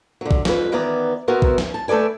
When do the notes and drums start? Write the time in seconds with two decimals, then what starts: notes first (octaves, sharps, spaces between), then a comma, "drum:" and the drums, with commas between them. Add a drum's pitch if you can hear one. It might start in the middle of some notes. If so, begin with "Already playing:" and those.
0.21 D3 F#3
0.31 drum: kick A#1
0.45 F2 B4, drum: snare
0.72 D#3 E3 B3 D5 A#5
1.28 B3 E4 F#4 A#4 C5
1.42 drum: kick A#1
1.58 drum: snare
1.74 A5
1.88 A3 A4 B4 D5 G#5